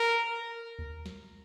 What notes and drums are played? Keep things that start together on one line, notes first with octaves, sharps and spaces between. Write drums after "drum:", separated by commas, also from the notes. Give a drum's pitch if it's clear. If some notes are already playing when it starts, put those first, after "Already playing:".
Already playing: A#4
drum: kick D2
drum: snare